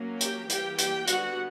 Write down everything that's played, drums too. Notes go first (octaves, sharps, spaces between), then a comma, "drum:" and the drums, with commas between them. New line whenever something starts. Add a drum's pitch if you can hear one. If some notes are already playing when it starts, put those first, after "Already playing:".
Already playing: F#3 A#3 C#4
G4 G5, drum: hi-hat
E3 G3 A#3 G4 G5, drum: hi-hat
G4 G5, drum: hi-hat
D3 G3 B3 F#4 F#5, drum: hi-hat